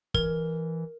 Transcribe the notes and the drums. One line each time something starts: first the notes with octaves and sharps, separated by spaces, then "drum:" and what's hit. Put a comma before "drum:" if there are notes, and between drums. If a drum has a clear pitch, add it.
E3 A#4, drum: kick